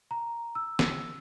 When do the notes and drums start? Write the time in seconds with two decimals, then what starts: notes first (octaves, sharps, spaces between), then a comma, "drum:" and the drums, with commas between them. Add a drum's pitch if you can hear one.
0.11 A#5
0.55 E6
0.79 drum: snare